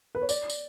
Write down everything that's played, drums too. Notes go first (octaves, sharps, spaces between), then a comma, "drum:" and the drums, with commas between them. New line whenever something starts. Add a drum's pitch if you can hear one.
B4
C#5
D5, drum: tambourine
drum: tambourine